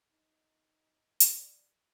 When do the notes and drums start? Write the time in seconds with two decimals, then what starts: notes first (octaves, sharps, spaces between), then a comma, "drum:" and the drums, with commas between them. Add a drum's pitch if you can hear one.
0.11 D#4
1.20 D5, drum: hi-hat